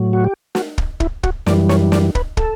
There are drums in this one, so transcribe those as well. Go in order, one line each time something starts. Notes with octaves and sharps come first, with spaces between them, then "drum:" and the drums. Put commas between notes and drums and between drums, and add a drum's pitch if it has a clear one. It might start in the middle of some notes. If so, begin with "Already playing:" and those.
Already playing: A2 F#3
F#4
G4
F#4, drum: snare
drum: kick
E4, drum: kick
F#4, drum: kick
F#2 E3 G3 D5, drum: snare
C#5, drum: snare
D5, drum: snare
B4, drum: kick
A4, drum: kick